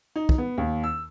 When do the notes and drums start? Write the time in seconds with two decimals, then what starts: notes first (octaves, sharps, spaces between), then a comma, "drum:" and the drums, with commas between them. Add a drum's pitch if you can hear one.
0.16 D#4
0.29 drum: kick
0.38 B3
0.58 D#2
0.84 E6